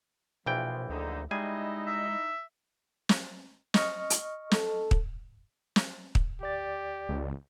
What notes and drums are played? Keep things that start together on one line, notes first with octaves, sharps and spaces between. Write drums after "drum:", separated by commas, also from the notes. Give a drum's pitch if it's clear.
A#1 B2 E3 F3 G5
D2 D3 D#4
G3 G#3 D#4 E4 G#4 D#5 G#5
E5
drum: snare
D#5 C#6 F6, drum: snare
drum: hi-hat
A4, drum: snare
drum: kick
drum: snare
drum: kick
D2 G4 D5 A6
C#2